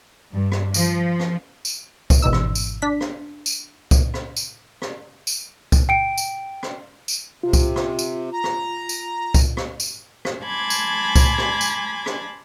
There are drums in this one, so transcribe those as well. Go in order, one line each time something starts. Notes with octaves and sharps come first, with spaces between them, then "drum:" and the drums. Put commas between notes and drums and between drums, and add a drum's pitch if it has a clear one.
G2
drum: rim click
F3, drum: tambourine
drum: rim click
drum: tambourine
drum: kick C2, tambourine
G#1 B2 E3 D#4 E6
drum: rim click
drum: tambourine
D4 B6
drum: rim click
drum: tambourine
drum: kick C2, tambourine
drum: rim click
drum: tambourine
drum: rim click
drum: tambourine
drum: kick C2, tambourine
G5 D7
drum: tambourine
drum: rim click
drum: tambourine
C3 F4
drum: kick C2, tambourine
drum: rim click
drum: tambourine
A#5
drum: rim click
drum: tambourine
drum: kick C2, tambourine
drum: rim click
drum: tambourine
drum: rim click
G#5 A5 B5 C6 D6 G#6
drum: tambourine
drum: kick C2, tambourine
drum: rim click
drum: tambourine
drum: rim click